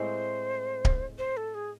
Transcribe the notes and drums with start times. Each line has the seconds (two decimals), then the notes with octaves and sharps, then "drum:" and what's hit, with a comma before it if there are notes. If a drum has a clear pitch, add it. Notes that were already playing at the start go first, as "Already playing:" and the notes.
Already playing: A2 G#3 C4 C5
0.85 drum: kick D1
1.18 C5
1.37 A4
1.54 G#4